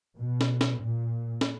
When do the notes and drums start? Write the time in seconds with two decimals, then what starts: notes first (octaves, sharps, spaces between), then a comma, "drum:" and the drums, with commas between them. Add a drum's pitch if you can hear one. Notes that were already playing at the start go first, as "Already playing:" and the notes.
0.17 B2
0.41 drum: snare
0.61 drum: snare
0.81 A#2
1.41 drum: snare